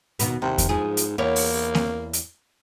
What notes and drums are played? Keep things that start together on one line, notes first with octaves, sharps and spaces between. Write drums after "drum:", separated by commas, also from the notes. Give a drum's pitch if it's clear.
D#2 B2 B3, drum: hi-hat
D#2 C3
drum: kick E2, hi-hat
G#2 F3 G#4
drum: hi-hat
E2 A#3 E4 C#5
drum: open hi-hat
drum: snare A#3
drum: hi-hat